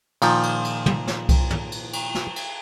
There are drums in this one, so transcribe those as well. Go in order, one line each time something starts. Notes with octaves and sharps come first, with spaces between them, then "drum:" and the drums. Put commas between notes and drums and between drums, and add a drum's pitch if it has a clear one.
A#2 D#3 F3, drum: cymbal
drum: cymbal
drum: cymbal
drum: tom
drum: snare
drum: kick C2, cymbal
drum: tom
drum: cymbal
drum: cymbal
drum: snare
drum: cymbal